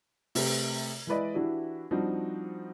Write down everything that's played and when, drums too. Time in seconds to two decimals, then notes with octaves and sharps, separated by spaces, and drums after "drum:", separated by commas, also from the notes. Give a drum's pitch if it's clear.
0.35 C3 A3 C4 G4 B4, drum: open hi-hat
1.07 E3 G#3 E4 B4 D5 D#5
1.34 E3 D4 E4 F#4 G4
1.91 F3 G3 C4 D4 D#4 F#4